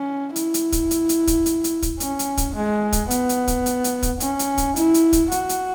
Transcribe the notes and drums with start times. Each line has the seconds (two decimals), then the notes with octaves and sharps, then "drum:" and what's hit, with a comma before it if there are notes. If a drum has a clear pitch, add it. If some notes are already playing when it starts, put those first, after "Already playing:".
Already playing: C#4
0.36 E4, drum: hi-hat
0.54 drum: hi-hat
0.72 drum: kick, hi-hat
0.91 drum: hi-hat
1.09 drum: hi-hat
1.27 drum: kick, hi-hat
1.46 drum: hi-hat
1.64 drum: hi-hat
1.82 drum: kick, hi-hat
2.00 C#4, drum: hi-hat
2.19 drum: hi-hat
2.37 drum: kick, hi-hat
2.55 G#3
2.92 drum: kick, hi-hat
3.11 B3, drum: hi-hat
3.29 drum: hi-hat
3.48 drum: kick, hi-hat
3.66 drum: hi-hat
3.84 drum: hi-hat
4.03 drum: kick, hi-hat
4.20 C#4, drum: hi-hat
4.39 drum: hi-hat
4.58 drum: kick, hi-hat
4.76 E4, drum: hi-hat
4.94 drum: hi-hat
5.13 drum: kick, hi-hat
5.32 F#4, drum: hi-hat
5.49 drum: hi-hat